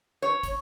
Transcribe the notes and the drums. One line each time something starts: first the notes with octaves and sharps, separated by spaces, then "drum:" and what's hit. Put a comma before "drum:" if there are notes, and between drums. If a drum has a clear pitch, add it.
C#5
drum: kick, hi-hat